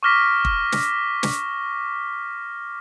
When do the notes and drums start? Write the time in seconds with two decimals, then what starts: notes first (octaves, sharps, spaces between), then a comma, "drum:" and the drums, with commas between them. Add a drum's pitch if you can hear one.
0.03 C#6 D6 F6 A#6 B6
0.45 drum: kick
0.72 drum: snare
1.23 drum: snare